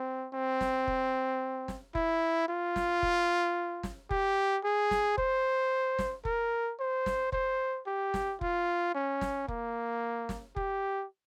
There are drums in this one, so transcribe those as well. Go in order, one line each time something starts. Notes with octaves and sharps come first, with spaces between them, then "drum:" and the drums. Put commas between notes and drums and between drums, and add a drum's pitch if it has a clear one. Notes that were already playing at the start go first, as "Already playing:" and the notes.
Already playing: C4
C4
drum: snare
drum: kick F1
drum: snare
E4, drum: kick F1
F4
drum: snare
drum: kick F1
drum: snare
G4, drum: kick F1
G#4
drum: snare
C5, drum: kick F1
drum: snare
A#4, drum: kick F1
C5
drum: snare
C5, drum: kick F1
G4
drum: snare
F4, drum: kick F1
C#4
drum: snare
A#3, drum: kick F1
drum: snare
G4, drum: kick F1